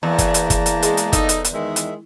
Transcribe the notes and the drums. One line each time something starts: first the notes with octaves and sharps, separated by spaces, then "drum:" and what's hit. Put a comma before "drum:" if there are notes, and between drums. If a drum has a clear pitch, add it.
E2 A#3 A5 A#5
drum: kick, hi-hat
drum: hi-hat
drum: kick, hi-hat
drum: hi-hat
G#3, drum: hi-hat
drum: hi-hat
D#4 A4, drum: kick, hi-hat
drum: hi-hat
drum: hi-hat
D#3 G#3 E5
drum: hi-hat